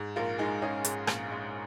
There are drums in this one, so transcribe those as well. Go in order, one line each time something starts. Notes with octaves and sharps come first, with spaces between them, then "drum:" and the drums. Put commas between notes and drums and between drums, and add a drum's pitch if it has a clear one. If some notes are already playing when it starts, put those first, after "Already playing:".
Already playing: G#2
A#1 F4 A#4
G#3 D#4 G#4
C#4 D#4 G#4
G#2, drum: hi-hat
A#1, drum: rim click
G#3